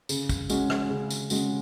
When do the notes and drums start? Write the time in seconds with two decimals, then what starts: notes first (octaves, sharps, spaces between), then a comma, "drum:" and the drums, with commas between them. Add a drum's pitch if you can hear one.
0.09 C#3, drum: tambourine
0.29 drum: kick, tambourine
0.50 G#3 C#4 F#4, drum: tambourine
0.70 drum: rim click
0.90 C#3
1.10 drum: tambourine
1.30 G#3 C#4 F#4, drum: tambourine